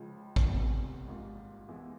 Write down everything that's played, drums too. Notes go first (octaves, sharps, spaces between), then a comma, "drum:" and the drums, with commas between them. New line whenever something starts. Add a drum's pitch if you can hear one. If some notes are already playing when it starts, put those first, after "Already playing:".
Already playing: C#2 C#3 F3
drum: kick
F1 E2 C3 G3
G#1 G#2 G3 A#3 F4
E2 E3 G#3 E4